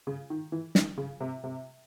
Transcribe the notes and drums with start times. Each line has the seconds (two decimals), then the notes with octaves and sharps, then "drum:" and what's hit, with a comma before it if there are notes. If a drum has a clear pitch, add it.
0.07 C#3
0.30 D#3
0.52 E3
0.75 D#3, drum: snare
0.98 C#3
1.20 C3
1.44 C3